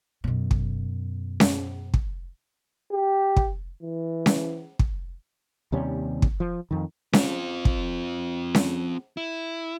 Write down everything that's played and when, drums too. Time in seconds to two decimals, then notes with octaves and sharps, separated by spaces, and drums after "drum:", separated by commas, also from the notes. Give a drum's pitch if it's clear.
0.24 F#2 B2
0.51 drum: kick
1.40 drum: snare C#4
1.94 drum: kick
2.92 G4
3.37 drum: kick
3.83 E3
4.26 drum: snare C#4
4.79 drum: kick
5.72 D#2 C3 G3 C#4
6.22 drum: kick
6.40 F3
6.71 F2 D#3
7.13 C4 F4, drum: snare C#4
7.65 drum: kick
8.55 drum: snare C#4
9.17 E4